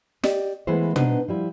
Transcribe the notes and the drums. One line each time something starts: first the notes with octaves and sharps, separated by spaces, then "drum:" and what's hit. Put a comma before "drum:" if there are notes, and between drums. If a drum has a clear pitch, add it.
G4 D5 D#5, drum: snare
E3 G#3 A3 B3 E4 C5
B3 D4 D#4 B4 C5, drum: tom
F3 G3 E4